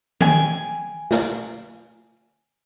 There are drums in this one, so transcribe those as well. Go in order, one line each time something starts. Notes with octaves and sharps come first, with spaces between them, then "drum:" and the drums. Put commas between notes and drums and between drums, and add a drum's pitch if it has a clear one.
G5 G#5, drum: tom D#3
drum: snare